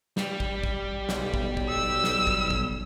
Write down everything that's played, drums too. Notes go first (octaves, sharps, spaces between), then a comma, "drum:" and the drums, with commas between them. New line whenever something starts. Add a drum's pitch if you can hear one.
G3, drum: snare
drum: kick
drum: kick
B1, drum: snare
drum: kick
drum: kick
E6
drum: snare
drum: kick
drum: kick